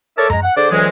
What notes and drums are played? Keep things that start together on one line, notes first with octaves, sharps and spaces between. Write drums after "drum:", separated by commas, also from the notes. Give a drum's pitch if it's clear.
A4 A#4 C#5 D5 E5 A5
G#3 A#5, drum: tom F#2
F#5
D3 G#4 C5 D5
D2 E3 F#3 G#3